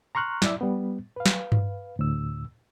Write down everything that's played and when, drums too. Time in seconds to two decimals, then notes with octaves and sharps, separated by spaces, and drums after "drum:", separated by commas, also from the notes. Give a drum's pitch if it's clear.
0.15 A#5 C6 C#6 F6 F#6
0.42 E4 D5 E5, drum: snare
0.61 G3 B3
1.16 B4 F5
1.26 drum: snare
1.52 drum: tom G2
1.99 D2 A2 E6